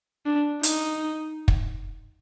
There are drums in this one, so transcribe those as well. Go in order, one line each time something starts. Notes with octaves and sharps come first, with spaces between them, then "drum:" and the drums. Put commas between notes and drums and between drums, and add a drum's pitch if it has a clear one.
D4
D#4, drum: hi-hat
drum: kick